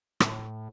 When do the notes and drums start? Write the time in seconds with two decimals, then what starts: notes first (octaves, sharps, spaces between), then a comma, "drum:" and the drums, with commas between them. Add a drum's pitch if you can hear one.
0.20 A2, drum: rim click